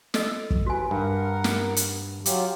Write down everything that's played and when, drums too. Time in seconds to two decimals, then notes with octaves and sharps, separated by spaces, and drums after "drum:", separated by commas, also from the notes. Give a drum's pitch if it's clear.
0.14 A4 D#5 E6, drum: snare
0.50 drum: kick
0.67 D#2 F#4 B4 G#5
0.91 G2 A#4 F#5
1.44 drum: snare
1.76 drum: hi-hat
2.26 F#3 F4 G4, drum: hi-hat